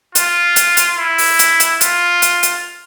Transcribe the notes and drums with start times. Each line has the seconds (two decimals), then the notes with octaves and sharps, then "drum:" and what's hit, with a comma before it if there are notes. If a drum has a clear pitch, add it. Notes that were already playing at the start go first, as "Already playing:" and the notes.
0.15 F4, drum: hi-hat
0.56 drum: hi-hat
0.77 drum: hi-hat
0.98 E4
1.18 drum: open hi-hat
1.39 drum: hi-hat
1.60 drum: hi-hat
1.81 F4, drum: hi-hat
2.22 drum: hi-hat
2.43 drum: hi-hat